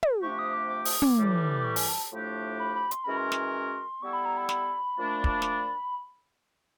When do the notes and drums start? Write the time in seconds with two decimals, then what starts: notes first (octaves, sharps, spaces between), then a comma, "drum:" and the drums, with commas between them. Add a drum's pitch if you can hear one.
0.03 drum: tom
0.22 C3 F3 A3 D4 G4 C#6
0.39 D#6
0.53 D6
0.70 D6
0.85 D#6, drum: open hi-hat
1.02 D6, drum: tom
1.17 A2 E3 G3
1.64 C#6
1.76 G#5, drum: open hi-hat
1.88 A5
2.12 A2 F3 A3 D4 G4
2.59 B5
2.75 B5
2.91 C6, drum: hi-hat
3.04 E3 G#3 C#4 F#4 A#4 B5
3.17 C6
3.32 drum: snare
4.02 G3 B3 E4 A4 C#6
4.13 B5
4.25 A#5
4.37 B5
4.49 B5, drum: snare
4.97 A#2 F3 A3 D4
5.24 drum: kick
5.42 drum: snare